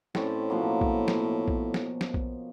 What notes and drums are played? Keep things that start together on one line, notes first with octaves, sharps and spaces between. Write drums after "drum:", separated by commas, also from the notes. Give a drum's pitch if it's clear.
A2 C4 C#4 D5, drum: snare
B2 F3 A#3
drum: kick A#1
drum: snare
drum: kick A#1
drum: snare
drum: snare
drum: kick A#1